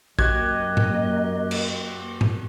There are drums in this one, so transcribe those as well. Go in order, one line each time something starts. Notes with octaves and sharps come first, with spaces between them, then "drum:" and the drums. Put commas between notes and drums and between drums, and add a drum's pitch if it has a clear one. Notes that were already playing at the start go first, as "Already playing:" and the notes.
F#2 A#3 F#4 G4 D#5 G#6, drum: kick
drum: tom G#2
drum: cymbal
drum: tom G#2